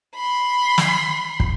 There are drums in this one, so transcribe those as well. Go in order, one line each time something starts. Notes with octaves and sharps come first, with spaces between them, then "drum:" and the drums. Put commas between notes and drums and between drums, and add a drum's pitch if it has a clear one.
B5 C6
drum: snare
drum: kick